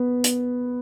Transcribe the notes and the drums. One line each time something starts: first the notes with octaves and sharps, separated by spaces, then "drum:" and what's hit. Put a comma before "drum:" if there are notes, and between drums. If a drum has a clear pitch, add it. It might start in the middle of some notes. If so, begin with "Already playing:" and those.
Already playing: B3
drum: hi-hat